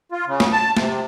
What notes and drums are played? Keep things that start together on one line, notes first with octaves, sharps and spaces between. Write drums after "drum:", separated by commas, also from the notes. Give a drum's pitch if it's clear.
F4
C#3
drum: snare
A5
C3, drum: snare